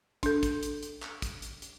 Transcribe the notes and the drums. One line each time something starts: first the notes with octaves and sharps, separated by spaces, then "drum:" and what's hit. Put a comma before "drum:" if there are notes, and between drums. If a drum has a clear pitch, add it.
D4 A4, drum: kick, hi-hat
drum: kick, hi-hat
drum: hi-hat
drum: hi-hat
drum: clap
drum: kick, hi-hat
drum: hi-hat
drum: hi-hat